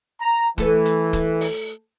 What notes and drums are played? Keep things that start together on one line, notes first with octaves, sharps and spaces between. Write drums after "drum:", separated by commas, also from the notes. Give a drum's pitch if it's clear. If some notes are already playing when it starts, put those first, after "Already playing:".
A#5
E3 A3 A4 B4, drum: kick, hi-hat
drum: hi-hat
drum: kick, hi-hat
drum: open hi-hat